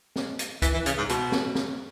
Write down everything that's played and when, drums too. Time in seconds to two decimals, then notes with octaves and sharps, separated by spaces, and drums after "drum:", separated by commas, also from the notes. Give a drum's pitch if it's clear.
0.16 drum: snare
0.39 drum: hi-hat
0.62 E3, drum: kick C#2, hi-hat
0.74 E3
0.86 C#3, drum: hi-hat
0.98 G#2
1.09 B2, drum: hi-hat
1.32 drum: snare
1.55 drum: snare